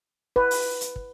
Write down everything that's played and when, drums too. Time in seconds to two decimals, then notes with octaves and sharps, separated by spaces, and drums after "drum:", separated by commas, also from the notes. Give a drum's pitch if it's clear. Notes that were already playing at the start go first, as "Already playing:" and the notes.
0.36 B4, drum: kick
0.51 drum: open hi-hat
0.81 drum: hi-hat
0.96 drum: kick